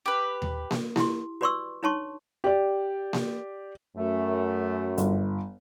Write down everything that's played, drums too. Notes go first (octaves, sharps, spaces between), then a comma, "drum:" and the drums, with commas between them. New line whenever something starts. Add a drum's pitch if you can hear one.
G4 B4
drum: tom D#2
drum: snare A#3
E4 G4 C6, drum: snare A#3
F#4 B4 D5 C6 C#6 E6
D4 D#4 C#5 A5 C6 C#6
G4 D5
drum: snare A#3
F#2 A3
G1, drum: hi-hat